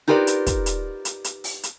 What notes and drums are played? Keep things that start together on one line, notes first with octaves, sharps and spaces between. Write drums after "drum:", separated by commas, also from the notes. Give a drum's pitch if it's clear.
D#4 F4 G4 A#4 B4 D5
drum: hi-hat
drum: kick, hi-hat
drum: hi-hat
drum: hi-hat
drum: hi-hat
drum: open hi-hat
drum: hi-hat